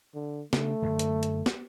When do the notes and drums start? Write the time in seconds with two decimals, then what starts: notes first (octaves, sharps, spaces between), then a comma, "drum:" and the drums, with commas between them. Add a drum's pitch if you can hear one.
0.15 D3
0.53 C#3 A3 D4, drum: snare
0.82 F#2 D3
0.99 drum: hi-hat
1.23 drum: hi-hat
1.46 drum: snare